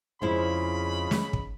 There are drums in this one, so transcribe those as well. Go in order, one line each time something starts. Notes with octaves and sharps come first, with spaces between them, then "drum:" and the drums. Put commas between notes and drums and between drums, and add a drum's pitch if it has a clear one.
F2 C#3 F3 G#3 D#4 E4 B5
drum: snare
drum: kick